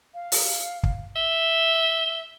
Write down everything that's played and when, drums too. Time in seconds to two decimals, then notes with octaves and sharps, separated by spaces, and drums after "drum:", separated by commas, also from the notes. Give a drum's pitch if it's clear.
0.14 F5
0.32 drum: open hi-hat
0.83 drum: kick
1.16 E5 G7